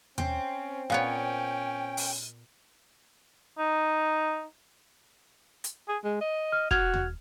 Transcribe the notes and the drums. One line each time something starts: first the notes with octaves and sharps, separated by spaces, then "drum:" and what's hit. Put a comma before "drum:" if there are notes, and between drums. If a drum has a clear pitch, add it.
C4 C#4, drum: tom D#2
A#2 B3 C#4 C#5 G5
drum: open hi-hat
D#4
drum: hi-hat
G#4
G#3
D#5
F6
F#4 F6 G#6 F7, drum: kick
drum: tom D#2